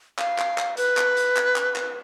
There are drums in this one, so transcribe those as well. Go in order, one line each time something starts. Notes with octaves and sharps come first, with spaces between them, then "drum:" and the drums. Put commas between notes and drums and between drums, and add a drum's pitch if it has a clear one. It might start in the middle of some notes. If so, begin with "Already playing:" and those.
F5, drum: clap
drum: clap
drum: clap
B4, drum: hi-hat
drum: clap
drum: hi-hat
drum: clap
drum: clap
drum: clap